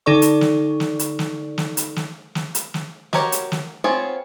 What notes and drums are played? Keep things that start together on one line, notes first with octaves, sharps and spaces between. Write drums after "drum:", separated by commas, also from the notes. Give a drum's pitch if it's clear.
D3 D#4 A4 D5 C#6
drum: hi-hat
drum: snare
drum: snare
drum: hi-hat
drum: snare
drum: snare
drum: hi-hat
drum: snare
drum: snare
drum: hi-hat
drum: snare
F#4 G4 A#4 C#5, drum: snare
drum: hi-hat
drum: snare
B3 C4 F4 G#4 C#5